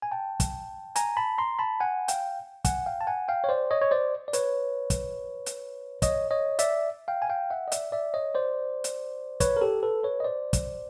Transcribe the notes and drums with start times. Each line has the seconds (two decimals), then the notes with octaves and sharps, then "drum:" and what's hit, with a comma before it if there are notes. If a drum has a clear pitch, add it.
0.02 G#5
0.12 G5 A5
0.40 drum: kick, hi-hat
0.96 G#5 A#5, drum: hi-hat
1.17 A5 B5
1.38 A#5 C6
1.59 A5 B5
1.80 F#5 G#5
2.08 F5 G5, drum: hi-hat
2.65 F#5 G#5, drum: kick, hi-hat
2.86 F5 G5
3.01 A5
3.07 F#5 G#5
3.28 F5 G5
3.44 C#5
3.49 C5 D5
3.71 C#5 D#5
3.82 C#5
3.91 C5 D5
4.28 D5
4.33 B4 C#5, drum: hi-hat
4.90 drum: kick, hi-hat
5.46 drum: hi-hat
6.02 C#5 D#5, drum: kick, hi-hat
6.31 C#5 D#5
6.59 D5 E5, drum: hi-hat
7.08 F5 G5
7.22 G#5
7.30 F5 G5
7.50 E5 F#5
7.68 D#5
7.72 D5 E5, drum: hi-hat
7.92 D5 E5
8.14 C#5 D#5
8.35 C5 D5
8.84 drum: hi-hat
9.40 B4 C#5, drum: kick, hi-hat
9.57 A#4
9.61 G4 A4
9.83 A4 B4
10.03 B4 C#5
10.20 D#5
10.24 C5 D5
10.53 drum: kick, hi-hat